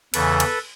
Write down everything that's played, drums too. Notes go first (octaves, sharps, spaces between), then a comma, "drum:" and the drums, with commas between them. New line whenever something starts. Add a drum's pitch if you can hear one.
E2 C#3 E3 A4 B4, drum: cymbal
drum: cymbal